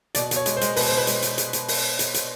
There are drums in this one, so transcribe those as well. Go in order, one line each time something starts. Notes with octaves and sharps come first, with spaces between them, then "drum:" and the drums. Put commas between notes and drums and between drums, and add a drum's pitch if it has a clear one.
B2 D5, drum: hi-hat
B2, drum: hi-hat
C#5
G#3, drum: hi-hat
C5
G#3, drum: hi-hat
B2 B4, drum: open hi-hat
C5
B2
B4
G#3, drum: hi-hat
drum: hi-hat
drum: hi-hat
drum: hi-hat
drum: open hi-hat
drum: hi-hat
drum: hi-hat